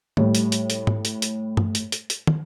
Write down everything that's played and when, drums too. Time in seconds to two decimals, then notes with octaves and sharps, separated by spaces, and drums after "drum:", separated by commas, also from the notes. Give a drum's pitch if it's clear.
0.17 A2 G3, drum: tom
0.35 drum: hi-hat
0.52 drum: hi-hat
0.70 drum: hi-hat
0.87 drum: tom G#2
1.05 drum: hi-hat
1.22 drum: hi-hat
1.57 drum: tom G2
1.75 drum: hi-hat
1.92 drum: hi-hat
2.10 drum: hi-hat
2.27 drum: tom